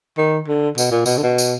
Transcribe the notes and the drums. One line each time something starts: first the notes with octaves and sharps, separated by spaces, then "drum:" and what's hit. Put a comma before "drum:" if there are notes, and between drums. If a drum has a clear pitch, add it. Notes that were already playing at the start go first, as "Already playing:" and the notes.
D#3
D3
B2, drum: tambourine
A#2
B2, drum: tambourine
D3
B2
drum: tambourine